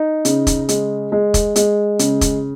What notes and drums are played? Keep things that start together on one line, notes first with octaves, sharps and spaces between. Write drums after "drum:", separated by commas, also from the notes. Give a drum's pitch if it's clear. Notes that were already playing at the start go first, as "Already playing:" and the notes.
Already playing: D#4
C#3, drum: hi-hat
drum: kick, hi-hat
G#3, drum: hi-hat
G#3
drum: kick, hi-hat
G#3, drum: hi-hat
C#3, drum: hi-hat
drum: kick, hi-hat